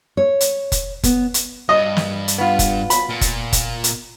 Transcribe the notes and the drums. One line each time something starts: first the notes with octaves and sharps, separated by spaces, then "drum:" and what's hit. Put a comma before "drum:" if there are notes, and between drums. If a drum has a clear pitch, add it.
C#5
drum: hi-hat
drum: kick F1, hi-hat
B3, drum: kick F1, hi-hat
drum: hi-hat
G2 D#5
drum: snare
drum: hi-hat
B3 F4
drum: kick F1, hi-hat
B5, drum: hi-hat
A#2
drum: kick F1, hi-hat
drum: kick F1, hi-hat
drum: hi-hat